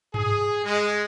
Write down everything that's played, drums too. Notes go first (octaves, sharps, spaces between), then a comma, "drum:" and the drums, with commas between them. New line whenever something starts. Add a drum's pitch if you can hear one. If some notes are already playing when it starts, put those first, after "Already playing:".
G#4, drum: tom G2
G#3